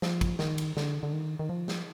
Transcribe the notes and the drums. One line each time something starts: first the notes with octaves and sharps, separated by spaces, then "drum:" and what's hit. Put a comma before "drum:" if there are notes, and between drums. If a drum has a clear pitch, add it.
F3, drum: snare
drum: kick, cymbal
D#3, drum: snare
drum: cymbal
D3, drum: snare
D3
D#3
D#3
F3
drum: snare